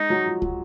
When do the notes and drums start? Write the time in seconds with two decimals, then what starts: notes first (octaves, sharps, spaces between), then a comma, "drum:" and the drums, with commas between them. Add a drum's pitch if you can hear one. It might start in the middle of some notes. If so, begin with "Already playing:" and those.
Already playing: G#3 D#4
0.10 F#3
0.26 F3
0.42 F#3, drum: kick